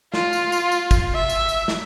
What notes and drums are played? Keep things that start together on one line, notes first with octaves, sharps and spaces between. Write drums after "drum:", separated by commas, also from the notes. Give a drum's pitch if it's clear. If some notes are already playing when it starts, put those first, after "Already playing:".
F4, drum: snare
drum: tambourine
drum: tambourine
drum: tambourine
drum: kick, tambourine
E5
drum: tambourine
drum: tambourine
drum: snare